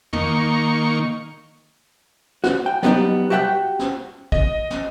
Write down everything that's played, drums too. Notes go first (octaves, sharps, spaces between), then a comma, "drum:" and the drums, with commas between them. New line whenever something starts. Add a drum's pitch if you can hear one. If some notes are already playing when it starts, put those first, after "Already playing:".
D#3 A#3 C#6, drum: tom
F#4, drum: snare
G5
F#3 G3 B3 C4 D#4 G4, drum: snare
F#4 G4 E5 F#5 G5
drum: snare
D#5, drum: kick
drum: snare